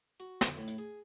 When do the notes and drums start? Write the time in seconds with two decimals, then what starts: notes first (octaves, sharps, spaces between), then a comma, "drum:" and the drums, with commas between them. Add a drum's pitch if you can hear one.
0.20 F#4
0.41 D3, drum: snare
0.58 A2
0.68 drum: hi-hat
0.78 G#4